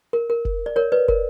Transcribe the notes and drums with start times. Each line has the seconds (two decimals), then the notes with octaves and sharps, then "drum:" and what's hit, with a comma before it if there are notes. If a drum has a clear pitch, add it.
0.13 A#4
0.30 A#4
0.45 drum: kick
0.66 D5
0.76 A#4 C#5
0.92 B4 D5
1.08 A#4, drum: kick